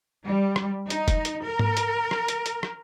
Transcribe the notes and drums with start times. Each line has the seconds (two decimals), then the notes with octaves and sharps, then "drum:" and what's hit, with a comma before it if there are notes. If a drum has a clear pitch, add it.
0.25 G3
0.56 drum: rim click
0.90 D#4, drum: hi-hat
1.08 drum: kick, hi-hat
1.25 drum: hi-hat
1.47 A#4
1.59 drum: tom G#2
1.77 drum: hi-hat
2.11 drum: rim click
2.28 drum: hi-hat
2.46 drum: hi-hat
2.63 drum: rim click